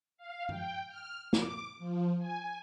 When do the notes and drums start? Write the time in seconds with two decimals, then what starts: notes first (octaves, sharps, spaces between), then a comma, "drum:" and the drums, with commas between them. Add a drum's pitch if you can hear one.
0.17 F5
0.49 G5, drum: tom G2
0.87 F6
1.33 D6, drum: snare
1.79 F3
2.18 G#5